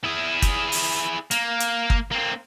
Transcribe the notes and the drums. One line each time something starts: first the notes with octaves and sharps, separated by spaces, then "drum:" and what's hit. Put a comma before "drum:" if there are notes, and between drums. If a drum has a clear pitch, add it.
E4 G#4
drum: kick, hi-hat
drum: open hi-hat
A#3, drum: hi-hat
drum: hi-hat
drum: kick
A#3 C4